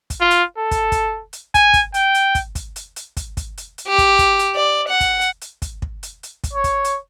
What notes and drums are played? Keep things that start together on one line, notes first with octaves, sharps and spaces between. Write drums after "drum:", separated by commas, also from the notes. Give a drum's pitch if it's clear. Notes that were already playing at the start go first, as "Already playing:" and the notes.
drum: kick, hi-hat
F4
drum: hi-hat
A4
drum: kick, hi-hat
drum: kick, hi-hat
drum: hi-hat
G#5, drum: kick, hi-hat
drum: kick, hi-hat
G5, drum: hi-hat
drum: hi-hat
drum: kick, hi-hat
drum: kick, hi-hat
drum: hi-hat
drum: hi-hat
drum: kick, hi-hat
drum: kick, hi-hat
drum: hi-hat
drum: hi-hat
G4
drum: kick, hi-hat
drum: kick, hi-hat
drum: hi-hat
D5
F#5
drum: kick, hi-hat
drum: hi-hat
drum: hi-hat
drum: kick, hi-hat
drum: kick
drum: hi-hat
drum: hi-hat
drum: kick, hi-hat
C#5
drum: kick, hi-hat
drum: hi-hat